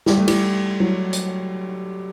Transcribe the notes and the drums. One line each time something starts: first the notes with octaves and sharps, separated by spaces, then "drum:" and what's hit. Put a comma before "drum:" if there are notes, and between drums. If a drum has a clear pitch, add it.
G3, drum: snare
A3
G3, drum: cymbal
F#3
drum: hi-hat